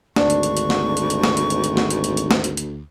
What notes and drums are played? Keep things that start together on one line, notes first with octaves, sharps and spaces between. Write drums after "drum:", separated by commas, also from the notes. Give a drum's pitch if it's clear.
G#1 D2 D4 C#6, drum: snare
drum: hi-hat
drum: hi-hat
drum: hi-hat
drum: snare
drum: hi-hat
drum: hi-hat
drum: snare
drum: hi-hat
drum: hi-hat
drum: hi-hat
drum: snare
drum: hi-hat
drum: hi-hat
drum: hi-hat
drum: snare
drum: hi-hat
drum: hi-hat